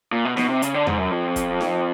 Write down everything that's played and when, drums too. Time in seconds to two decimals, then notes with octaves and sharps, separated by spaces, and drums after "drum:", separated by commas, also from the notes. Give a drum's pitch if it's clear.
0.12 A#2
0.25 B2
0.37 B2, drum: snare D#4
0.49 C3
0.62 C#3, drum: hi-hat
0.74 D3
0.87 G#2, drum: tom E2
0.99 F#2
1.11 F2
1.36 drum: kick, hi-hat
1.61 drum: snare D#4